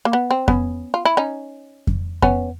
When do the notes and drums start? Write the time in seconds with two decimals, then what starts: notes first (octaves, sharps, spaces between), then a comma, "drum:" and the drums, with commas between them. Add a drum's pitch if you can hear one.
0.05 A#3
0.13 B3
0.31 C4
0.48 B3 C#4, drum: kick F2
0.94 F4
1.05 E4
1.17 C#4 D#4
1.87 drum: kick F2
2.22 B3 C#4, drum: kick F2